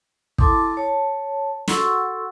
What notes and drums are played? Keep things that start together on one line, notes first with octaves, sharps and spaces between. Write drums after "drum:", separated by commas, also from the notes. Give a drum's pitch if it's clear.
E4 A4 A5 C6 D6 D#6, drum: kick
C#5 A5
F#4 A4 F#5 C6 C#6 E6, drum: snare